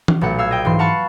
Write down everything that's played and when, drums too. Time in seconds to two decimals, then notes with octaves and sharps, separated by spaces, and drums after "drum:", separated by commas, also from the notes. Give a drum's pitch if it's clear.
0.08 drum: tom E3
0.21 B1 A#2 A3 F#5
0.38 F5 E6 G#6
0.51 D#5 G5
0.65 G#2 E3 C6
0.79 F5 F#5 A5 B5 C#6